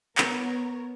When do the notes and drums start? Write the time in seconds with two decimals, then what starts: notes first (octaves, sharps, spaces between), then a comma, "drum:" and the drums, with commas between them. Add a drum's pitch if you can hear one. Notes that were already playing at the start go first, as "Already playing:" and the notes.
0.18 B3 A#4 C#5, drum: clap